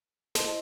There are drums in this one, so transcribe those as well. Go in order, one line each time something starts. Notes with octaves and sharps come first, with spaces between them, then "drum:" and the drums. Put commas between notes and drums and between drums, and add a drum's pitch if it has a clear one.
E4 C5 D#5 A5 C6, drum: snare